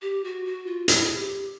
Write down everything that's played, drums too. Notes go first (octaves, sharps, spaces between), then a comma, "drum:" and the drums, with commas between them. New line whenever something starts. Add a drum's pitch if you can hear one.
G4
F#4
F#4
F4
E4, drum: hi-hat
G#4
G4